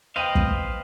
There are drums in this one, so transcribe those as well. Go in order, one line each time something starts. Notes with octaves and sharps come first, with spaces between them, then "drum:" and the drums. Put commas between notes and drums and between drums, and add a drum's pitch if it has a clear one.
B4 C5 D#5 F5 G5 D#7
drum: kick